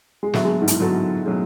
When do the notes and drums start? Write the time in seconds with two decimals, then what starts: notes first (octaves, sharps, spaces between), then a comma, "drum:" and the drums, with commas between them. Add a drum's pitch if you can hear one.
0.23 G#3
0.34 D3 F#3 A3 B3 F#4 A4, drum: snare
0.45 G#3
0.62 G#2
0.68 A2, drum: hi-hat
0.80 D3 F#3 B3 F#4 A4
1.26 B2 F#3 A3 C#4 G#4